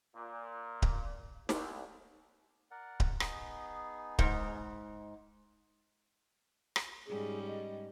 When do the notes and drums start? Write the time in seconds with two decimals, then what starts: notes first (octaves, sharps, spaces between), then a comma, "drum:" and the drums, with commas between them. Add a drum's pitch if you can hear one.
0.16 A#2
0.82 drum: kick D1
1.49 C2, drum: snare
2.71 A#4 D5 F#5
3.00 drum: kick D1
3.20 B3 D#4 G#4, drum: rim click
4.19 G#2, drum: kick D1
6.76 drum: rim click
7.07 G#2 G3 C#4 G#4
7.47 D#5